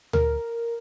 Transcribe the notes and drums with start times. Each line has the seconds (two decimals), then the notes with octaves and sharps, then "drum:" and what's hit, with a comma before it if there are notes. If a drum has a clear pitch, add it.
0.13 A#4, drum: tom D2